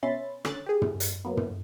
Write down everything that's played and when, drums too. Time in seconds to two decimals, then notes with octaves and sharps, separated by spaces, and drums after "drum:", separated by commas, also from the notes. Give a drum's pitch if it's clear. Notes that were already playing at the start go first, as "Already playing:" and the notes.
0.03 B2 C#4 E5 B5 C6 A6
0.45 D3 C#4 F#6 A6, drum: rim click
0.66 G4 G#4
0.82 drum: tom
1.00 drum: hi-hat
1.25 F#3 A#3 B3
1.37 drum: tom